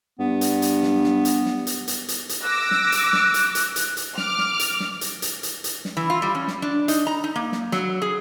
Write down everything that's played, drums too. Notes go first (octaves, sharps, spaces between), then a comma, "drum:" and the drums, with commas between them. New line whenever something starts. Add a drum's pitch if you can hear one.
G2 B3
drum: hi-hat
drum: hi-hat
drum: snare
drum: snare
drum: hi-hat
drum: snare
drum: hi-hat
drum: hi-hat
drum: hi-hat
drum: hi-hat
D6 E6 F#6 A#6
drum: snare
drum: hi-hat
drum: snare
drum: hi-hat
drum: hi-hat
drum: hi-hat
drum: hi-hat
D6 F6, drum: snare
drum: snare
drum: hi-hat
drum: snare
drum: hi-hat
drum: hi-hat
drum: hi-hat
drum: hi-hat
drum: snare
E3
F4
G3
C#4
drum: snare
D4
D#4, drum: hi-hat
A#5
D#4
A#3
drum: snare
F#3, drum: snare
G#4